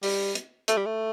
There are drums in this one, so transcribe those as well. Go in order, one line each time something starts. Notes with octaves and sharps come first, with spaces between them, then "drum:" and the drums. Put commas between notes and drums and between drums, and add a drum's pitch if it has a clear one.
G3, drum: open hi-hat
drum: hi-hat
A3, drum: hi-hat
G3
A3